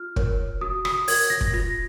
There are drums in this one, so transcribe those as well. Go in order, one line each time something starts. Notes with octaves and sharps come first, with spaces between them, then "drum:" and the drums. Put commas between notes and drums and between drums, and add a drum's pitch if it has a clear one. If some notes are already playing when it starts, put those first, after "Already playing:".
Already playing: F4 F6
A#4 C#5, drum: kick
F#4 D#6
D#6, drum: rim click
A#4 C#5 G#6, drum: open hi-hat
A#6
drum: kick
F4 A#6